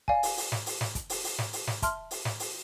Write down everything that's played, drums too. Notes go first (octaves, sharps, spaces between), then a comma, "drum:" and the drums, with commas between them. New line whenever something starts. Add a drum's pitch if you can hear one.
D5 F5 G#5, drum: kick
drum: open hi-hat
drum: open hi-hat
drum: snare
drum: open hi-hat
drum: snare
drum: kick, hi-hat
drum: open hi-hat
drum: open hi-hat
drum: snare
drum: open hi-hat
drum: snare
E5 A5 C6 F6, drum: kick, hi-hat
drum: open hi-hat
drum: snare
drum: open hi-hat